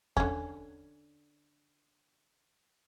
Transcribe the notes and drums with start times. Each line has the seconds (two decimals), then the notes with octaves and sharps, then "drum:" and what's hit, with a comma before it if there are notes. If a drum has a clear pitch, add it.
0.17 D3 C#4, drum: kick E2